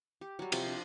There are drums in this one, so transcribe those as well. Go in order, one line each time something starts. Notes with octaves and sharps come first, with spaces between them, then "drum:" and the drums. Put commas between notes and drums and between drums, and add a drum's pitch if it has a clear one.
G4
F#3 G3
C3 F3, drum: cymbal
D4